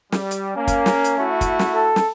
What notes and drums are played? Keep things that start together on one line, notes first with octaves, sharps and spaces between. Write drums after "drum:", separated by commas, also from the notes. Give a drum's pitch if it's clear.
G3, drum: snare
drum: hi-hat
A#3 C#4
drum: kick, hi-hat
drum: snare
drum: hi-hat
A3 E4 F#4
drum: kick, hi-hat
drum: snare
A4
drum: snare